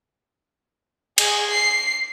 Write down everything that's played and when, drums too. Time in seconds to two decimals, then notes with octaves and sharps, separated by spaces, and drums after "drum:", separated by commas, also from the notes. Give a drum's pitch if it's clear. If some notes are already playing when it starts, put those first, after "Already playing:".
1.18 G#4, drum: cymbal
1.51 C7